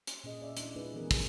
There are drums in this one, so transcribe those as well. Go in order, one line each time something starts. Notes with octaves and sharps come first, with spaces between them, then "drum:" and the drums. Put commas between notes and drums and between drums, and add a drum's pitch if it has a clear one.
drum: hi-hat
A#2 C#4 G#4 D#5
D5 E5
G#3 C#4 D4 E4, drum: hi-hat
A3 D4 D#4 F4 G#4 B4
D#3 E3 G#3 B3 G#4 A#4
D#3 G#3 D4 G#4, drum: kick, open hi-hat